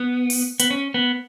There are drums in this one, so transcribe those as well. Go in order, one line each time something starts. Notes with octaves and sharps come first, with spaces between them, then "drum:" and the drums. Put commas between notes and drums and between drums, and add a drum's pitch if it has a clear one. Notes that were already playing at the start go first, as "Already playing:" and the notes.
Already playing: B3
drum: open hi-hat
B3, drum: hi-hat
C#4
B3